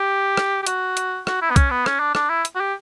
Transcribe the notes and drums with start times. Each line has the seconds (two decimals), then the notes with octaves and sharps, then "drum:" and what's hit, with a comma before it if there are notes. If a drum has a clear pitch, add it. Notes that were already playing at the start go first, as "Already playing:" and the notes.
Already playing: G4
0.37 drum: rim click
0.62 G4
0.67 F#4, drum: hi-hat
0.97 drum: hi-hat
1.27 F#4, drum: rim click
1.42 E4
1.51 B3
1.56 C#4, drum: kick B1, hi-hat
1.71 B3
1.86 C#4, drum: rim click
2.00 D4
2.15 D4, drum: rim click
2.30 E4
2.45 drum: hi-hat
2.55 F#4
2.60 G4